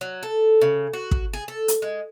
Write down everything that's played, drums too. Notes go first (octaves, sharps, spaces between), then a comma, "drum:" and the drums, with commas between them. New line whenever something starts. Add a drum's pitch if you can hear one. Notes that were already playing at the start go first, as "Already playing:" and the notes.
F#3
A4
C#3
F#4
drum: kick
G#4
A4
drum: hi-hat
G#3